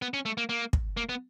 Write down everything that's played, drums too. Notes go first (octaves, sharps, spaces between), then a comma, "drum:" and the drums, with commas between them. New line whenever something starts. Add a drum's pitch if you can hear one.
B3
C#4
A3
A#3
A#3
drum: kick
A#3
B3